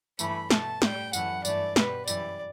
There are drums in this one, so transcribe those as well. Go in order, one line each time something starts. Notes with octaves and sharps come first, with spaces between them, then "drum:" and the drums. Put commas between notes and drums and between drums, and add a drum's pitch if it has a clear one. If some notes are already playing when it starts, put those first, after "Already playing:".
G2 E3 A3 B5, drum: tambourine
B2 A3 A5, drum: snare
A2 G3 G5, drum: snare
F#2 E3 A3 F#5, drum: tambourine
G2 E3 A3 D5, drum: tambourine
B2 G3 B4, drum: snare
F#2 E3 G3 D5, drum: tambourine